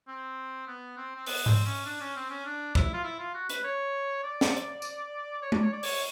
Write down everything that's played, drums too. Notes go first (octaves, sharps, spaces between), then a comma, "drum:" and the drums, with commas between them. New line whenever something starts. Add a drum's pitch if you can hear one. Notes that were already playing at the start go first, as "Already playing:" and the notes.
C4
B3
C4
C4
B3, drum: open hi-hat
C4, drum: tom G#2
C#4
D4
C#4
C4
C#4
D4
E4, drum: kick
F4
E4
F4
F#4
B4, drum: hi-hat
C#5
D5
drum: snare
drum: hi-hat
drum: tambourine
C#5
D5, drum: tom G#3
C#5
D5
C#5, drum: open hi-hat